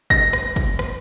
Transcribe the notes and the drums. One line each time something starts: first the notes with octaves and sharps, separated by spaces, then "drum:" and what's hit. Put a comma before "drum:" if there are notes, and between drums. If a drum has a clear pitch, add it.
A#6, drum: kick, hi-hat
drum: rim click
drum: kick, hi-hat
drum: rim click